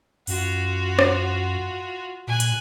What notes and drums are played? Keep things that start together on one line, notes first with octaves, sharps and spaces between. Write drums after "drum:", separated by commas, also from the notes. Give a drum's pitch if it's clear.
F#2 F4 F#4, drum: open hi-hat
drum: rim click
A#2 G#5 F#6
drum: hi-hat